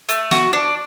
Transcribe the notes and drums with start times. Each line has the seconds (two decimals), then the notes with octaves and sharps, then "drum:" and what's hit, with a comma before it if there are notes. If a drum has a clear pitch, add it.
0.09 A3, drum: hi-hat
0.31 F#4, drum: snare
0.53 D4